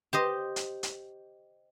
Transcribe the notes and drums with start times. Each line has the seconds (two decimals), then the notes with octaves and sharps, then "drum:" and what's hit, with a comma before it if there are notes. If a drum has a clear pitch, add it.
0.13 G4 C5 D#5
0.56 drum: hi-hat
0.83 drum: hi-hat